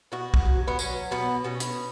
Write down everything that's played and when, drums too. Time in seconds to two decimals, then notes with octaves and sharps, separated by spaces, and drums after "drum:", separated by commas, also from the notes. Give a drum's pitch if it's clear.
0.12 B2 F#4
0.34 drum: kick B1
0.45 F#3
0.68 B3
0.79 F#3 C#4, drum: tambourine
1.11 B2 B3
1.44 B2 C#4
1.60 drum: hi-hat